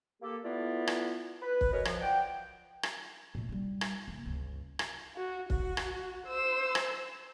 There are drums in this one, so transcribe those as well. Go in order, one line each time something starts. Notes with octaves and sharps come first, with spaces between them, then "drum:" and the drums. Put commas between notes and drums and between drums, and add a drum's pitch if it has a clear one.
A#3 G4 A4
A3 B3 E4 F4 B4 D5
drum: rim click
B4
drum: kick
C#4 F#4 A#4 B4 C#5 D#5
F3, drum: rim click
F3 D5 F#5 G5
drum: rim click
A#2 A3
G3 D#4
drum: rim click
F1 A#3
C#2 G2
drum: rim click
F#4
F#4, drum: kick
drum: rim click
C5 E6
drum: rim click